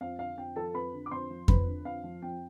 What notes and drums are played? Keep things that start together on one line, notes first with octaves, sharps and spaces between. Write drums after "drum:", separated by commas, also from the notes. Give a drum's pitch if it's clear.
F2 F5
D3 F5
F2 G5
F3 A4 A5
F2 B4 B5
D3
D6
F2 C5 C6
F3
F2 B4 B5, drum: kick F2
D3
F2 F5
F3
F2 G5